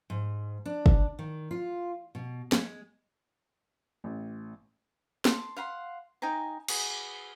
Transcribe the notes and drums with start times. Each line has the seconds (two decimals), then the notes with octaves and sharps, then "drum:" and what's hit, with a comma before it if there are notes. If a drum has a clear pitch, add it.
0.10 G#2
0.66 D4
0.86 drum: kick
1.19 D#3
1.51 F4
2.15 B2
2.52 G#3, drum: snare
4.04 A1
5.25 A5 C6, drum: snare
5.57 F5 F#5 B5 C6
6.22 D#4 G5 G#5 A#5
6.68 F#4 G#4 B4, drum: cymbal